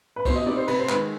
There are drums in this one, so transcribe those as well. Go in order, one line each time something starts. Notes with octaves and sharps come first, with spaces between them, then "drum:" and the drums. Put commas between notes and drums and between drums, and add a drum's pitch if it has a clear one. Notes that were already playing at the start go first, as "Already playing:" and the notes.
B4
B2 C5, drum: kick, cymbal
D#5
G3 C4 D#4 D5
C5
C3 B4, drum: cymbal
C5
D#3 G#3 B4, drum: clap